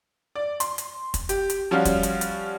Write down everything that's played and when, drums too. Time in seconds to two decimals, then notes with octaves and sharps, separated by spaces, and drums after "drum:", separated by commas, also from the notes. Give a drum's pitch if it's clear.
0.36 D5
0.60 C6, drum: hi-hat
0.78 drum: hi-hat
1.14 drum: kick, hi-hat
1.29 G4, drum: hi-hat
1.50 drum: hi-hat
1.71 F3 G3 C#4 F4 F#4
1.85 drum: kick, hi-hat
2.03 drum: hi-hat
2.21 drum: hi-hat